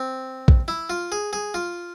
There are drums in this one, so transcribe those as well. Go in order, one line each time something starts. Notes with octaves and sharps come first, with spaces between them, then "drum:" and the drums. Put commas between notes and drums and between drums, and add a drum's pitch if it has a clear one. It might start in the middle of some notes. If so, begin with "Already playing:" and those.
Already playing: C4
drum: kick A#1
E4
F4
G#4
G#4
F4